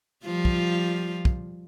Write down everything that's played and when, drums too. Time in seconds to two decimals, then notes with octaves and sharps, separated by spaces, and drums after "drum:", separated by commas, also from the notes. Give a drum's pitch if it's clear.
0.25 F3 G3 F4
0.45 drum: kick
1.25 drum: kick